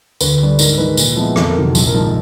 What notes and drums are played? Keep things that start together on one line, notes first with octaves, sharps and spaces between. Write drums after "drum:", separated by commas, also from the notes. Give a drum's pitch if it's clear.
D2 B4, drum: tambourine
D3 G3
G#2 A#4, drum: tambourine
D#3 G#3 B4
A#2, drum: tambourine
F3 G#3 B3 E4
F2 A4, drum: rim click
A#4
C3 D#3 F#3
A#1, drum: tambourine
A#4
G#2 F3